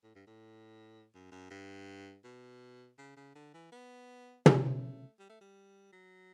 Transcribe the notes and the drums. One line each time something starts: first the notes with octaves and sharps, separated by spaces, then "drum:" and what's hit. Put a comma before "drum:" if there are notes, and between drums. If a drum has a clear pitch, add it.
A2
G2
A2
F#2
F#2
G2
B2
C#3
C#3
D3
E3
B3
A3, drum: tom
G3
A3
G3
F#3